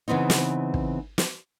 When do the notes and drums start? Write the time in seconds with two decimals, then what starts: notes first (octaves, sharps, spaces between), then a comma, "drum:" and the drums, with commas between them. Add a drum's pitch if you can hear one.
0.08 C#3 E3 B3 C4 D#4
0.30 drum: snare
0.74 drum: kick
1.18 drum: snare